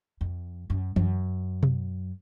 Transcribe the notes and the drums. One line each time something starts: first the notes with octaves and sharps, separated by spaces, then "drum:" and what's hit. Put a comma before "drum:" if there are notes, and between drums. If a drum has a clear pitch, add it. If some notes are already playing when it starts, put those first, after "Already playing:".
F2
F#2
F#2, drum: tom E3
drum: tom B2